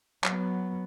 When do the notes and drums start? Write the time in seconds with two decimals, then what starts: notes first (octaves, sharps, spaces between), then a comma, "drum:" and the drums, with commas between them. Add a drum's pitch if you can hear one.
0.24 F#3 B3, drum: clap